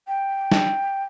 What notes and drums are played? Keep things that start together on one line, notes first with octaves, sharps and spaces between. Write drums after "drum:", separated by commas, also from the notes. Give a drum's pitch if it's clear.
G5
drum: snare